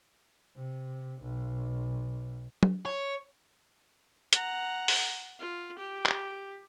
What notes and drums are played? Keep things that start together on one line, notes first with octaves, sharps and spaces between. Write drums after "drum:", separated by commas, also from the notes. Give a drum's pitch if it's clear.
C3
B1
drum: tom
C#5
F#5 A#5, drum: hi-hat
drum: open hi-hat
F4
G4
drum: clap